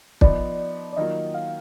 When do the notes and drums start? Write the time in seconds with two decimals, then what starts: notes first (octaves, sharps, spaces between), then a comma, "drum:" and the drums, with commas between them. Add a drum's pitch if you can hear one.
0.21 F3 B3 D#4 D5, drum: kick
0.93 D5
0.96 D#3 F#3 A#3 F4 D#5
1.34 F5